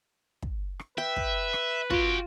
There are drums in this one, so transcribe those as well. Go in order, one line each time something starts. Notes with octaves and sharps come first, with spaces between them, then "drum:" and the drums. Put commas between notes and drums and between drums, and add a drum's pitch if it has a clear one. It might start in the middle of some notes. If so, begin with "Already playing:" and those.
drum: kick
drum: rim click
B4 E5 G5
drum: kick
drum: rim click
F4 F#4 G5, drum: kick